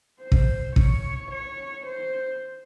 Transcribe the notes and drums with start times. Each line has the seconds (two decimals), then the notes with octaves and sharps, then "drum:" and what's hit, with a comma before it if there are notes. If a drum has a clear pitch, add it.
0.21 C5
0.32 drum: kick
0.76 C#5, drum: kick
1.31 C#5
1.86 C5